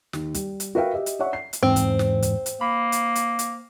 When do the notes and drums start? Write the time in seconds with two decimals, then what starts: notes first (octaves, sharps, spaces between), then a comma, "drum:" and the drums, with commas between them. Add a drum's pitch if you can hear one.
0.13 D#2, drum: snare
0.34 G3, drum: kick, hi-hat
0.60 drum: hi-hat
0.75 F#4 A#4 B4 E5 F5 G5
0.94 G4 D#5 E5
1.06 drum: hi-hat
1.19 C#5 D5 E5 F#5 C#6
1.33 C7
1.53 drum: hi-hat
1.63 E2 G#2 C4
1.76 drum: kick, hi-hat
1.99 drum: snare
2.22 drum: kick, hi-hat
2.46 drum: hi-hat
2.61 A#3 B5
2.92 drum: hi-hat
3.15 drum: hi-hat
3.39 drum: hi-hat